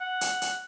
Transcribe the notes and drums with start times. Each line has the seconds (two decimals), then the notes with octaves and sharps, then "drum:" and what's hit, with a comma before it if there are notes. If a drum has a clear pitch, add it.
0.01 F#5
0.21 drum: hi-hat
0.42 drum: hi-hat